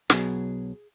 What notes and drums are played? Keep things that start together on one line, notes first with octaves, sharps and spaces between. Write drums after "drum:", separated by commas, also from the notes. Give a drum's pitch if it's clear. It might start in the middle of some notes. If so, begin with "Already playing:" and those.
B1 B2 F#3 G#4, drum: snare